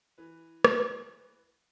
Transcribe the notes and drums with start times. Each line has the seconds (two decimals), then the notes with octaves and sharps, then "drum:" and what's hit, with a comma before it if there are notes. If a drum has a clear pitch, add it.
0.18 E3 B4
0.65 drum: rim click